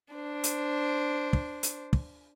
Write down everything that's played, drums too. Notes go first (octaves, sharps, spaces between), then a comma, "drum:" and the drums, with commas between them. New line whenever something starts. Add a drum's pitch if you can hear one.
D4 C5
drum: hi-hat
drum: kick
drum: hi-hat
drum: kick